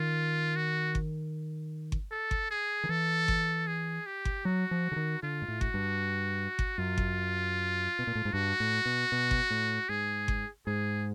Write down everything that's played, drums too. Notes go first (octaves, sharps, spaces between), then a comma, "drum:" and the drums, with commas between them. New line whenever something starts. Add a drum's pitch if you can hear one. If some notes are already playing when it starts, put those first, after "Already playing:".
Already playing: D#3 F4
F#4
drum: kick G1
drum: kick G1
A4
drum: kick G1
G#4
D#3
E3 A4
drum: kick G1
G#4
G4
drum: kick G1
F#3 F#4
F3
D3
D#3
D3 F4
G#2
A2
F#4, drum: kick G1
G2
drum: kick G1
F#2 F4
drum: kick G1
B2
A#2
A2
G#2
G2 F#4
A2
B2
B2
drum: kick G1
A2
G#2 G#4
drum: kick G1
G#2 G#4